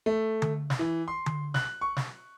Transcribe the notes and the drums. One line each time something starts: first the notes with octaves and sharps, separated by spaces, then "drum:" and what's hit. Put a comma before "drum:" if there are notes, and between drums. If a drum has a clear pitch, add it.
A3
drum: tom D3
drum: snare
E3
C6
drum: tom D3
F#6, drum: snare
C#6
drum: snare